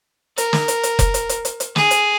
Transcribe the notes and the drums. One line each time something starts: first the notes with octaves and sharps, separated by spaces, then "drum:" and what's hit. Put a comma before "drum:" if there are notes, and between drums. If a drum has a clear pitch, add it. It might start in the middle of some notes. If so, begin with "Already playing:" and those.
A#4, drum: hi-hat
drum: snare
drum: hi-hat
drum: hi-hat
drum: kick F1, hi-hat
drum: hi-hat
drum: hi-hat
drum: hi-hat
drum: hi-hat
G#4, drum: snare
drum: hi-hat